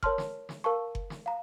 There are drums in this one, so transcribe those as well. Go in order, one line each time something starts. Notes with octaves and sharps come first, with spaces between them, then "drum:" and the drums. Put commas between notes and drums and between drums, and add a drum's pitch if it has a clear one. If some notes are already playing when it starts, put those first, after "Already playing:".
A#4 C#5 A5 C6 F6, drum: kick F#1
drum: snare
drum: snare
A#4 F5 A5 C#6
drum: kick F#1
drum: snare
F5 A#5